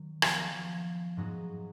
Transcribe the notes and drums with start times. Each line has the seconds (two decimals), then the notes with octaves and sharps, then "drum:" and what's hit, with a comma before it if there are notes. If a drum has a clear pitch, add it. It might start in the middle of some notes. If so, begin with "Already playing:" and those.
Already playing: D#3 F#3
0.22 F3 B3 F4, drum: rim click
1.17 G#2 F#3 B3 D#4 F#4